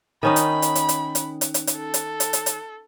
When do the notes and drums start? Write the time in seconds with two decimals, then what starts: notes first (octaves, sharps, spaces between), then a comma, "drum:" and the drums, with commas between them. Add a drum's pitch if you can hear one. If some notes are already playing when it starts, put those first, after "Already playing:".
0.23 D#3 C#4 D#4 B5
0.36 drum: hi-hat
0.62 drum: hi-hat
0.75 drum: hi-hat
0.89 drum: hi-hat
1.15 drum: hi-hat
1.41 drum: hi-hat
1.54 drum: hi-hat
1.67 drum: hi-hat
1.77 A4
1.94 drum: hi-hat
2.20 drum: hi-hat
2.33 drum: hi-hat
2.46 drum: hi-hat